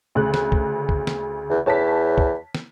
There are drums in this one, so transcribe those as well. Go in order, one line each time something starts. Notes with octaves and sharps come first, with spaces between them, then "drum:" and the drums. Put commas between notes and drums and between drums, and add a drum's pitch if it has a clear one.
D2 C#3 F#6
drum: snare
drum: kick
drum: kick
drum: snare
E2
E2 C#5 A5 B6
drum: kick
drum: snare